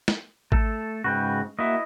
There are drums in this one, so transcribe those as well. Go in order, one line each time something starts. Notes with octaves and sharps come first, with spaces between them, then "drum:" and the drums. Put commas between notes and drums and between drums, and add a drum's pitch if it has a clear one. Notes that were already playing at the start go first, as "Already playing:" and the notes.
drum: snare
A3 A4, drum: kick G#1
G#2 C#3 F#4 B4 G5
A#3 E4 F#4 D#5 E5